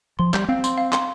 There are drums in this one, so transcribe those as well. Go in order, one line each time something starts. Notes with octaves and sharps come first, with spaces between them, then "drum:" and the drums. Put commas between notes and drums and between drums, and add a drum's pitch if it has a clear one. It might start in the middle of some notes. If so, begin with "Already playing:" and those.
F3 C6
G3 G6, drum: clap
C4 F5
C6, drum: tambourine
F5
C6, drum: clap